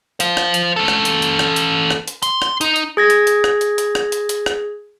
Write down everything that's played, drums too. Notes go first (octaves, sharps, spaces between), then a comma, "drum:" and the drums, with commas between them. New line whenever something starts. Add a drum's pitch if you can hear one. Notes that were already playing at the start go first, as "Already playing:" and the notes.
C5 F5, drum: hi-hat
drum: rim click
drum: hi-hat
C#4 A4
drum: rim click
drum: hi-hat
drum: hi-hat
drum: rim click
drum: hi-hat
drum: rim click
drum: hi-hat
C6, drum: hi-hat
drum: rim click
D#4, drum: hi-hat
drum: hi-hat
G#4 G#6 A#6
drum: hi-hat
drum: hi-hat
drum: rim click
drum: hi-hat
drum: hi-hat
drum: rim click
drum: hi-hat
drum: hi-hat
drum: rim click